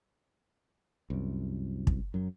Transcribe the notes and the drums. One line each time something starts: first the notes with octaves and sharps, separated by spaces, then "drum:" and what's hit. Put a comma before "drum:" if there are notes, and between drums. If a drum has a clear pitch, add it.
C2 F#2
drum: kick
F#2 F#3